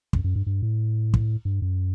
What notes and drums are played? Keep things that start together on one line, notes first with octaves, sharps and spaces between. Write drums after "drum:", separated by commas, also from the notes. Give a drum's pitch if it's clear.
F#2, drum: kick
F#2
G2
G2
A2
drum: kick
G2
F#2